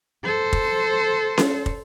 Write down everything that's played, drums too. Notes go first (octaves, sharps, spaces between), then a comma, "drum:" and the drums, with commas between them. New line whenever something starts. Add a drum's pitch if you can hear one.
A4 C5
drum: kick
drum: snare C#4
drum: kick